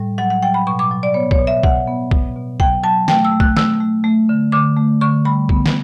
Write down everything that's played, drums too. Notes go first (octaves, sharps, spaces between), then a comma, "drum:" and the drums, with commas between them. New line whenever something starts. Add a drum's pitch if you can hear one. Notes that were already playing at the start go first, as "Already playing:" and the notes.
Already playing: A2 G3
F#3 F#5
F#5
F#3 G5
B5
B2 C#6
D6
F#3
D5
B3 C#5
C#5, drum: kick B1
B2
E5
B2 F#5, drum: kick B1
B3
B2, drum: kick B1
B2
F#3 G5, drum: kick B1
F#3 A5
A3 G5, drum: snare
E6
A3
F#6, drum: kick B1
A3 E6, drum: snare
A3
A3
D3
D3 D6
A3
D3 C#6
G3 B5
B3, drum: kick B1
drum: snare